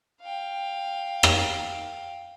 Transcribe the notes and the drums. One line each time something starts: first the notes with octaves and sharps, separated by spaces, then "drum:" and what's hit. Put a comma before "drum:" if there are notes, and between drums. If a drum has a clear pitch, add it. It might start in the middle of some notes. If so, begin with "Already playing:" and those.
F5 G5
drum: rim click